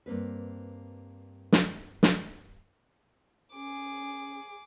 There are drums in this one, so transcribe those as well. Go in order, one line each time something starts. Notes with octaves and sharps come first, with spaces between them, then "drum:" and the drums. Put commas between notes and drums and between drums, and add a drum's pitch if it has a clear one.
G2 A#3 C4 B4
drum: snare
drum: snare
C#4 G#4 D6